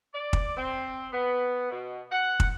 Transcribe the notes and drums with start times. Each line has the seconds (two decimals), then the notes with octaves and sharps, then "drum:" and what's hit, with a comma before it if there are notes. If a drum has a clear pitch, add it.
0.14 D5
0.33 drum: kick
0.57 C4
1.12 B3
1.71 B2
2.11 F#5
2.40 drum: kick